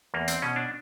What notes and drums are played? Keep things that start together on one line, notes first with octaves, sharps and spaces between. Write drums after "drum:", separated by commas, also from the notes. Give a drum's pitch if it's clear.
E2 A#3
C4, drum: hi-hat
B2 C#4
D4